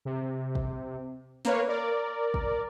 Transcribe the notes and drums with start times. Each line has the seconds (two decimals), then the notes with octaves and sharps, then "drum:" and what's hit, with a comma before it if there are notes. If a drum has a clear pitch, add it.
0.05 C3
0.55 drum: kick
1.45 A#3 A#4 B4 C#5 F5, drum: snare
1.68 A#4 D5
2.34 drum: kick